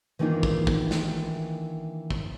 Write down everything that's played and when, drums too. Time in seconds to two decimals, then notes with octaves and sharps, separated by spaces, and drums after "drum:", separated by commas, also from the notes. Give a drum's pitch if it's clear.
0.19 D#3 E3 A#3 D4 D#4 F4
0.43 drum: kick
0.67 drum: kick
0.91 drum: snare
2.10 drum: kick